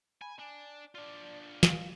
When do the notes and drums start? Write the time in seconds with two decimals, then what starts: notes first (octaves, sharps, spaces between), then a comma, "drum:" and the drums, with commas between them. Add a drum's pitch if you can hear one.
0.22 G#5 B5
0.39 D4 G#5
0.95 D4 F4 D5
1.63 F5, drum: snare